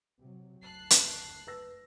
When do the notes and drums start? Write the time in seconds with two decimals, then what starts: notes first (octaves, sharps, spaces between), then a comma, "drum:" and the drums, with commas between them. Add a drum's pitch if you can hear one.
0.20 C3 F#3
0.62 F#1 D2 A5 F#6 C7
0.90 drum: hi-hat
1.47 B4 E6 A#6